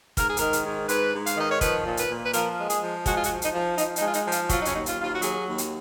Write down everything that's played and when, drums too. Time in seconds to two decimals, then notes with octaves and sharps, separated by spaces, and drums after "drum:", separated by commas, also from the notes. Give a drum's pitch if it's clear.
0.17 G#2 A#4, drum: kick, hi-hat
0.27 G#4
0.37 D#3 A#4, drum: hi-hat
0.53 drum: hi-hat
0.65 G#2
0.89 G#2 B4, drum: hi-hat
1.13 G#2
1.26 F5, drum: hi-hat
1.37 D#3 D#5
1.49 C#5
1.61 F3 B4, drum: kick, hi-hat
1.85 A#2
1.97 B4, drum: hi-hat
2.09 A#2
2.23 B4
2.33 F3 A#4, drum: hi-hat
2.58 G#3
2.70 G#4, drum: hi-hat
2.81 F3
3.06 G#3 F#4, drum: kick, hi-hat
3.15 F4
3.24 F#4, drum: hi-hat
3.29 F3
3.42 D#4, drum: hi-hat
3.54 F3
3.78 F3 D#4, drum: hi-hat
3.96 D#4, drum: hi-hat
4.02 G#3 F4
4.14 D#4, drum: hi-hat
4.26 F3
4.32 F4, drum: hi-hat
4.49 F#3 F4, drum: kick, hi-hat
4.58 D#4
4.65 C#4, drum: hi-hat
4.73 D#2 D#4
4.86 F4, drum: hi-hat
4.98 D#2 F4
5.12 F#4
5.22 F#3 G#4, drum: hi-hat
5.46 D#2
5.58 drum: hi-hat